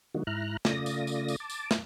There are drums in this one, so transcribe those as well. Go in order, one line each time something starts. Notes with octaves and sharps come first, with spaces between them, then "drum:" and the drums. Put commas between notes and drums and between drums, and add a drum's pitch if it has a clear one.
D3 F3 G3 A#3 D#4 F#4
G#2 E4 A#5 F6 F#6
C#3 A3 F4 D5 D#6 A#6, drum: snare
drum: tambourine
drum: tambourine
drum: tambourine
A5 D6
drum: tambourine
drum: snare